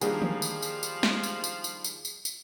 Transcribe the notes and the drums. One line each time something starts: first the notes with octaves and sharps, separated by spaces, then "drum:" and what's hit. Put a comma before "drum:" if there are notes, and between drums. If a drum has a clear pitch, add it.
D#3 F3 G3 A#3 D4 G#4 C5 F5, drum: tambourine
drum: tom D3
drum: tambourine
drum: tambourine
drum: tambourine
drum: snare
drum: tambourine
drum: tambourine
drum: tambourine
drum: tambourine
drum: tambourine
drum: tambourine